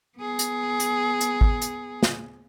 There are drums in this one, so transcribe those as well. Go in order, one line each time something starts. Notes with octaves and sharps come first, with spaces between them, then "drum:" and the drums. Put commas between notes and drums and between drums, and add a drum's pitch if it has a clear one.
B3 G#4
drum: hi-hat
drum: hi-hat
drum: hi-hat
drum: kick
drum: hi-hat
drum: snare